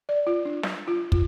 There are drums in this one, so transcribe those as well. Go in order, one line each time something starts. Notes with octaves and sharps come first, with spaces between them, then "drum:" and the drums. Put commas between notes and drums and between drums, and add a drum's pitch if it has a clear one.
D5
F4
D4
drum: snare
F4
F4, drum: kick